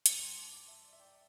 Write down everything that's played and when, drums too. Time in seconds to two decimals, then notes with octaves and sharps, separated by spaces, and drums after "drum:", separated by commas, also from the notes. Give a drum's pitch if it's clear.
0.06 G2 E3 A5 D6, drum: hi-hat
0.22 G5 C6
0.37 A5 D6
0.47 C6
0.52 A5 D6
0.68 E5
0.84 D5
0.93 E5
1.00 D5 G5